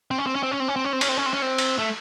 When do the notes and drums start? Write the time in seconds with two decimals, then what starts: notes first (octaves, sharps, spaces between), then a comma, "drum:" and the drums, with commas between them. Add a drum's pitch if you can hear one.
0.11 C4
0.18 C#4
0.27 C4
0.35 C#4
0.43 C4
0.51 C#4
0.60 C4
0.68 C#4
0.76 C4
0.84 C#4
0.93 C4
1.01 C#4, drum: cymbal
1.09 C4
1.17 C#4
1.26 C4
1.33 C#4
1.42 C4
1.58 drum: cymbal
1.79 A3